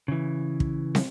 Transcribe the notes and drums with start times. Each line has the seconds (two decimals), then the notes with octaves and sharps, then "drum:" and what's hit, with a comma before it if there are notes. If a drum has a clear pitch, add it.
0.08 C#3 E3
0.60 drum: kick
0.95 drum: snare